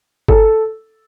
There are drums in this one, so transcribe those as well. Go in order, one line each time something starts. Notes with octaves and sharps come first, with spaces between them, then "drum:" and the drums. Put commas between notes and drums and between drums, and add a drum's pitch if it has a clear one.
A4, drum: kick G1